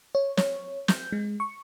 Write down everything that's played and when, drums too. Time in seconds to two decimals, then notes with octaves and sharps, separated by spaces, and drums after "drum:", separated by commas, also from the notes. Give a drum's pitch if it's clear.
0.15 C#5
0.37 C#5, drum: snare
0.88 G6, drum: snare
1.12 G#3
1.40 C#6